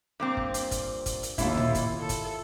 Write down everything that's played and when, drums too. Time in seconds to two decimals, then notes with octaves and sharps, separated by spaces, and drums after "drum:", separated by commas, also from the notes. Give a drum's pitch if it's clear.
0.20 G2 A#2 C4
0.37 drum: kick G1
0.54 drum: hi-hat
0.71 drum: kick G1, hi-hat
1.06 drum: kick G1, hi-hat
1.23 drum: hi-hat
1.38 D#2 E4 F4, drum: kick G1, hi-hat
1.57 drum: tom
1.75 drum: kick G1, hi-hat
1.99 A4
2.09 drum: kick G1, hi-hat